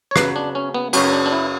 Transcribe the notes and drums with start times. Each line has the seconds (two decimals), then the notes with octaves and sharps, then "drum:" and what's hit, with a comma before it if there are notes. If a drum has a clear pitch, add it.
0.11 C#5
0.16 C#3 F#3 B3 B4, drum: rim click
0.36 D4
0.55 C#4
0.74 B3
0.93 F#2 C#3 F#3 C#4, drum: cymbal
1.13 D4
1.26 D4
1.33 E4